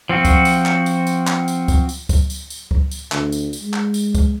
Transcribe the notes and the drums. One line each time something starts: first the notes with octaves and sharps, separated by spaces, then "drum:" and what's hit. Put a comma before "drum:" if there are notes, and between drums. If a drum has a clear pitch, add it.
F3 C4 F#4
drum: kick C#2, tambourine
drum: tambourine
drum: clap
drum: tambourine
drum: tambourine
drum: clap
drum: tambourine
drum: kick C#2, tambourine
drum: tambourine
drum: kick C#2, tambourine
drum: tambourine
drum: tambourine
drum: kick C#2
drum: tambourine
D2, drum: clap
drum: tambourine
drum: tambourine
G#3
drum: clap
drum: tambourine
drum: kick C#2, tambourine